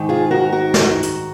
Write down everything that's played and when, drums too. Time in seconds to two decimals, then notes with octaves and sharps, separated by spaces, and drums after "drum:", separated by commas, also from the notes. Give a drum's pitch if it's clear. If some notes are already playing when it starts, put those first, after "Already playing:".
Already playing: G#2 D#3
0.09 F4 G#4
0.31 F#4 A#4
0.52 F#4 A#4
0.74 drum: snare
1.03 drum: hi-hat